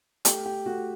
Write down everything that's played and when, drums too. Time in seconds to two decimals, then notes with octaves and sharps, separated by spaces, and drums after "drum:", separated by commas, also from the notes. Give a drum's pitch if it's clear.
0.25 A3 G4, drum: hi-hat
0.45 G4
0.66 A3 F#4